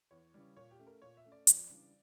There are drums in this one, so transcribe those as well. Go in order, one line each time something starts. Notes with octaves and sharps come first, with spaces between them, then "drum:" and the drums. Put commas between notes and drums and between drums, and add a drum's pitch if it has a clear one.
E2 C#5
C#3 E3 G3
A#2 C#5
G4
A3 C#4
A#4
A#2 C#5
E5
A3 C#4
D5
F2, drum: hi-hat
C#3 E3 G3 D4